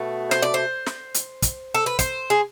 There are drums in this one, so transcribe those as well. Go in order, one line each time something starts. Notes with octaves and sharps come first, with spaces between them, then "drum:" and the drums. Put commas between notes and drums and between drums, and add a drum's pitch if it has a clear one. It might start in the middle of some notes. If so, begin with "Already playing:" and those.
Already playing: B2 A3
C5, drum: snare
D5
C5
drum: snare
drum: hi-hat
drum: kick, hi-hat
A4
B4
C5, drum: kick, hi-hat
G#4